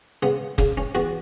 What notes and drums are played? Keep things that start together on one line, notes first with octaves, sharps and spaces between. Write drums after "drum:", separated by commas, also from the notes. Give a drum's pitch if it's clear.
C#3 B3
C#3, drum: kick, hi-hat
C#4
E2 F#4, drum: hi-hat